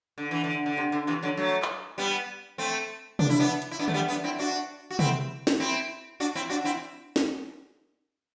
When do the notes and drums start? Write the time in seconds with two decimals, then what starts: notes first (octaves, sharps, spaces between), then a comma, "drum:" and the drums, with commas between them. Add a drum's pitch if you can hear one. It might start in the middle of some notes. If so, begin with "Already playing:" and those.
0.18 D3
0.31 E3
0.44 D3
0.66 D3
0.77 C3
0.92 D3
1.07 C3 E3
1.23 D3 F#3
1.37 F#3 A3
1.62 drum: clap
1.98 G3 B3
2.58 A3 C4
3.19 D4, drum: tom C3
3.30 E4
3.39 B3 D4
3.62 drum: hi-hat
3.71 E4
3.79 B3 D4
3.88 A3, drum: tom D3
3.94 G3 B3
4.08 B3 D4
4.24 C4 E4
4.39 D4 F#4
4.90 F#4
4.99 C4 E4, drum: tom C3
5.47 drum: snare
5.60 C4 E4
6.20 D4 F#4
6.35 C4 E4
6.50 D4 F#4
6.65 C4 E4
7.16 drum: snare